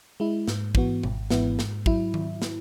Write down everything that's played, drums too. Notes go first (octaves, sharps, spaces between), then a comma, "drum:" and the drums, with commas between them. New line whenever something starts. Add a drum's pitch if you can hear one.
G#3 E4
G#2, drum: snare
E3 B3 F#4, drum: kick
G#1, drum: tom B2
G#2 E3 B3 E4, drum: snare
G#2, drum: snare
F#3 E4, drum: kick
drum: tom D#3
drum: snare